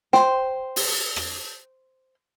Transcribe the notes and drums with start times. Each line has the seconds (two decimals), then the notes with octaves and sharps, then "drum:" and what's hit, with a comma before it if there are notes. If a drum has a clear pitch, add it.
0.13 C5 G5, drum: snare
0.76 drum: open hi-hat
1.16 drum: rim click